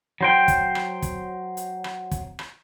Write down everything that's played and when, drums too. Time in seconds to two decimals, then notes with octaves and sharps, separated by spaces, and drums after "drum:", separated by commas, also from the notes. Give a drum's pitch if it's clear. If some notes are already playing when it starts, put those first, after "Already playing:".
0.21 F#3 C5 G5
0.48 drum: kick, hi-hat
0.75 drum: rim click
1.02 drum: kick, hi-hat
1.57 drum: hi-hat
1.84 drum: rim click
2.11 drum: kick, hi-hat
2.39 drum: rim click